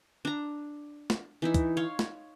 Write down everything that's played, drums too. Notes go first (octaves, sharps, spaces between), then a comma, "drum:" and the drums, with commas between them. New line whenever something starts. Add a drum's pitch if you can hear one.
D4 A#5
drum: snare
E3 D#4 E4
drum: kick, hi-hat
C#5 F5 C6
drum: snare